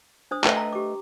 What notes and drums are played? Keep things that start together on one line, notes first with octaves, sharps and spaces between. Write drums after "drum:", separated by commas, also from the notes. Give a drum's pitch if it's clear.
D4 C5 D#6
A3 B4 D#5 G5, drum: clap
A#5
G4 D6